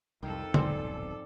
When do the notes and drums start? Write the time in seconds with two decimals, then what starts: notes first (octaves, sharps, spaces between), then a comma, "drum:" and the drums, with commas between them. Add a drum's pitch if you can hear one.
0.23 C2 F2 D#3 A4
0.54 D#1 B1 G#2 C4 C5 D5 G#5, drum: tom